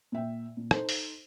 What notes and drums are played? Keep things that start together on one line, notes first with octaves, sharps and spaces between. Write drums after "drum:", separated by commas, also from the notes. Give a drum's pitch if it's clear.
A#2 E5 G5
A#2
D#4 A4 C5, drum: rim click
drum: open hi-hat